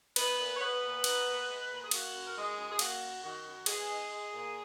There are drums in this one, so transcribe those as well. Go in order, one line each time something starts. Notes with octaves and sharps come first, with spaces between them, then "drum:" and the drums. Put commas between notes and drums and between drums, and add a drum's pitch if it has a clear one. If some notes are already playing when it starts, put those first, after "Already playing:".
B3 D#4 B4, drum: cymbal
A#2
C#5
G#3 B3 B4
A#2
D#4, drum: cymbal
A#2
G#3
A#2
G#4
A#3 F#4, drum: cymbal
F#2
A#4
D#3 G#3 G#4
F#2
G#4
A#3 F#4, drum: cymbal
F#2
D#3 F#4
F#2
G#3 B3 G#4, drum: cymbal
D#4
G#3
A#2